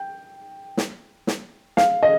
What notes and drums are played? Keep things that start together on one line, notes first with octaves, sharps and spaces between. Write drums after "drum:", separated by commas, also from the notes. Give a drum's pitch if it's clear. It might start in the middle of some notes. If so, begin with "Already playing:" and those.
Already playing: G5
drum: snare
drum: snare
F5, drum: snare
D#5